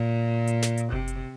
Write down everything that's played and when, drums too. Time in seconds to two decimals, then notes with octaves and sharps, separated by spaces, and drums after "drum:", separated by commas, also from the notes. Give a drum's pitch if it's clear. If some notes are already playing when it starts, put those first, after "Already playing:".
Already playing: A#2
0.47 drum: hi-hat
0.62 drum: snare
0.78 drum: hi-hat
0.92 C3, drum: kick F#1
1.08 drum: hi-hat